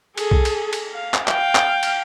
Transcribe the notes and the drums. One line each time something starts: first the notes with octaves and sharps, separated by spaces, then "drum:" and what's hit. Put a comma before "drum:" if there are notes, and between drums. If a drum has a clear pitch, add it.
G#4 A4, drum: cymbal
drum: kick B1
drum: cymbal
drum: cymbal
F5
drum: clap
F5 G5, drum: clap
drum: clap
drum: cymbal